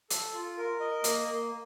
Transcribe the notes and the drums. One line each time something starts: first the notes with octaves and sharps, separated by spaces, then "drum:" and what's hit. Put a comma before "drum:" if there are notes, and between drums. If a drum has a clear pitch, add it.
A4, drum: hi-hat
F4
A#4
D#5
A#3, drum: hi-hat
A#3